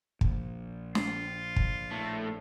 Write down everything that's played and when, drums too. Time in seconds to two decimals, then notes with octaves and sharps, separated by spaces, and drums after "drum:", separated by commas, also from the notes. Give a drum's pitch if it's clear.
0.21 A#1, drum: kick
0.95 F4, drum: snare
1.56 drum: kick
1.91 A2 A3